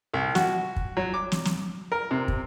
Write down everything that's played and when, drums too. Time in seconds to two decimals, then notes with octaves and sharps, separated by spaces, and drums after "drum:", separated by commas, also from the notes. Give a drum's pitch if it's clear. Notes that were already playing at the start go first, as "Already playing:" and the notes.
0.14 C2
0.35 F#4, drum: snare
0.76 drum: kick
0.97 F#3
1.14 D6
1.32 drum: snare
1.45 drum: snare
1.92 A#4
2.11 C3
2.28 drum: kick